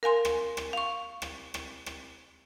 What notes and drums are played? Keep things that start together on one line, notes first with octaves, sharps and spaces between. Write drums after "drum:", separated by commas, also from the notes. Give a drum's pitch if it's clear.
A#4 F5 G#5 C6
drum: rim click
drum: rim click
F5 C#6
drum: rim click
drum: rim click
drum: rim click